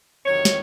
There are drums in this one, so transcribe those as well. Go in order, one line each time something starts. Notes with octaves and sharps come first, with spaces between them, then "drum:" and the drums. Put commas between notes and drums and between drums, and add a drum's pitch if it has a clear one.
E2 C3 D#3 F#3 C#5
drum: snare